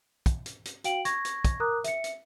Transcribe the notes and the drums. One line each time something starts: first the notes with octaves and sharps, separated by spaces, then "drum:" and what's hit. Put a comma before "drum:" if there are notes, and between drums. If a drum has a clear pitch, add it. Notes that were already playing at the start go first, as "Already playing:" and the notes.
drum: kick, hi-hat
drum: hi-hat
drum: hi-hat
F#4 F5 G5 D7 F#7, drum: hi-hat
C#6 G#6 A#6, drum: hi-hat
drum: hi-hat
drum: kick, hi-hat
A#4 A#5 D6 D#6 F#6
E5 C#7, drum: hi-hat
drum: hi-hat